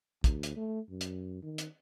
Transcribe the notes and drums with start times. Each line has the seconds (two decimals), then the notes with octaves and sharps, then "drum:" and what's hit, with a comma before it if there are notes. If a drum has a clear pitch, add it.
0.24 D2, drum: kick, hi-hat
0.43 drum: hi-hat
0.56 A3
0.90 F#2
1.01 drum: hi-hat
1.43 D#3
1.58 drum: hi-hat